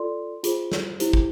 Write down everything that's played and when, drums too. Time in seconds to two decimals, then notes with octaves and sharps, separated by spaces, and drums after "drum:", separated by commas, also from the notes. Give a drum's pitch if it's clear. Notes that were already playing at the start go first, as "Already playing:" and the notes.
Already playing: F4 A4 D5 C6
0.44 F4 G#4 C5, drum: hi-hat
0.72 drum: snare
1.00 E4 G4 C5, drum: hi-hat
1.13 drum: kick